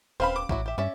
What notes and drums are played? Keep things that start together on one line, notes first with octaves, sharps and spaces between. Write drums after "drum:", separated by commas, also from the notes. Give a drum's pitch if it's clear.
D#1 C4 B4 C5 F5 B5
D6
A1 F#3 E4 F#4, drum: kick
G4 E5
G2 C#4 D5 E5